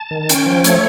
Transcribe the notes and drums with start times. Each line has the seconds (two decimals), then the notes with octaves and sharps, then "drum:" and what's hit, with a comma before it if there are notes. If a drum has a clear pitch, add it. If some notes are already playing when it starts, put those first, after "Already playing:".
Already playing: A5
0.11 D#3
0.29 C#4 G5, drum: hi-hat
0.46 F3 G5
0.64 A3 C#5, drum: hi-hat